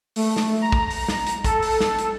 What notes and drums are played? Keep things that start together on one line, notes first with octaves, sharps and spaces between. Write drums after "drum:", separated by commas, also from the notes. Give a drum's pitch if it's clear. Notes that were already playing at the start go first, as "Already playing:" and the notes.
A3, drum: open hi-hat
drum: snare
A#5
drum: kick
drum: open hi-hat
drum: snare
drum: hi-hat
A4, drum: kick, hi-hat
drum: open hi-hat
drum: snare
drum: hi-hat